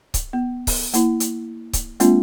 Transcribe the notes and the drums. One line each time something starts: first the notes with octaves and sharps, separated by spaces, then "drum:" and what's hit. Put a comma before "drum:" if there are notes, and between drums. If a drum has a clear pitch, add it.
drum: kick C#1, hi-hat
B3
drum: kick C#1, open hi-hat
A#3 E4, drum: hi-hat
drum: hi-hat
drum: kick C#1, hi-hat
G#3 A#3 C4 D4 F4, drum: hi-hat